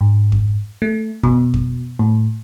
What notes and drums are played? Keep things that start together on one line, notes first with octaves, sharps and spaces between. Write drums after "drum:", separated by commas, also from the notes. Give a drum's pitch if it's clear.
G#2
drum: kick F2
A3
B2, drum: kick F2
drum: kick F2
A2